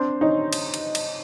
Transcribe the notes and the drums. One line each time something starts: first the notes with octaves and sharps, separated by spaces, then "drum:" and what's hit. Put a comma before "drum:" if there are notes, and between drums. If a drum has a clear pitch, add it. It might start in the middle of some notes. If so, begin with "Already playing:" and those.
Already playing: C4 D4
C#4 D#4
drum: cymbal
drum: cymbal
drum: cymbal